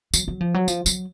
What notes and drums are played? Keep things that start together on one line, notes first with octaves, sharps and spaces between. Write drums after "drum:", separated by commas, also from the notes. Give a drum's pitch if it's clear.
F#3, drum: tambourine
F#3
F3
F#3
F3, drum: tambourine
F#3, drum: tambourine